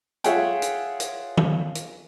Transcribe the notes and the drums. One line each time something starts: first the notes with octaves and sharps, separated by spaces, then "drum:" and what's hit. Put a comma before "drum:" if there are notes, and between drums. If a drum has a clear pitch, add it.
F4 G#4 C#5 E5 F#5 G5, drum: hi-hat
drum: hi-hat
drum: hi-hat
drum: tom D#3
drum: hi-hat